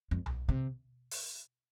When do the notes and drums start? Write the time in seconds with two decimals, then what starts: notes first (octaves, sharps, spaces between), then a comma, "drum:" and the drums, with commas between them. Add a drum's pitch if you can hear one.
0.11 F2
0.26 drum: tom B1
0.49 C3
1.11 drum: open hi-hat